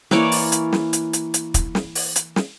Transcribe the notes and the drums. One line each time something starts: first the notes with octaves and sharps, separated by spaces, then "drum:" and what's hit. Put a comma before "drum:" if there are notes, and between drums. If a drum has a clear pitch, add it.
E3 A#3 C#5 D5, drum: snare
drum: open hi-hat
drum: hi-hat
drum: snare
drum: hi-hat
drum: hi-hat
drum: hi-hat
drum: kick, hi-hat
drum: snare
drum: open hi-hat
drum: hi-hat
drum: snare